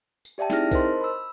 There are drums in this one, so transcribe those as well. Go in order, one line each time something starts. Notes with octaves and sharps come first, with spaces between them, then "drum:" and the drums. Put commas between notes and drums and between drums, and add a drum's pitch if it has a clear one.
drum: tambourine
G4 D5 E5 G5 A5
C4 D#4 E4 G#4 F6 A#6, drum: snare
A#4 C5 D#5 A5 C6, drum: kick B1, tambourine
B5 E6